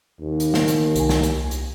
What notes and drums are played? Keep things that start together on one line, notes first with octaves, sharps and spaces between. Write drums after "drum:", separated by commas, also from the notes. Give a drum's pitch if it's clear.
D#2
drum: hi-hat
drum: snare
drum: hi-hat
C2 G#5, drum: hi-hat
drum: snare
drum: hi-hat
drum: hi-hat